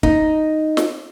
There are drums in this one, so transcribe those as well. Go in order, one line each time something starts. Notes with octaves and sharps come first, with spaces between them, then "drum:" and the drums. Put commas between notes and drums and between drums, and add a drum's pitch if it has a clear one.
D#4, drum: kick
drum: snare